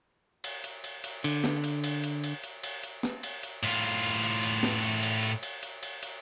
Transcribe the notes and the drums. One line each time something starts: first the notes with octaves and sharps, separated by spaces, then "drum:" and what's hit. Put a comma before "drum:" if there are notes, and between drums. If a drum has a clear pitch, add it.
drum: cymbal
drum: cymbal
drum: cymbal
drum: cymbal
D3, drum: cymbal
drum: snare
drum: cymbal
drum: cymbal
drum: cymbal
drum: cymbal
drum: cymbal
drum: cymbal
drum: cymbal
drum: snare
drum: cymbal
drum: cymbal
A2 F4, drum: cymbal
drum: cymbal
drum: cymbal
drum: cymbal
drum: cymbal
drum: snare
drum: cymbal
drum: cymbal
drum: cymbal
drum: cymbal
drum: cymbal
drum: cymbal
drum: cymbal